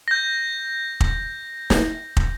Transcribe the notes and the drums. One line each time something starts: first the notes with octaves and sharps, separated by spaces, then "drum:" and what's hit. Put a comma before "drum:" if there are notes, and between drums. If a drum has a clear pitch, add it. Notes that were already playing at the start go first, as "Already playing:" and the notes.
G6 A#6
drum: kick
drum: snare
drum: kick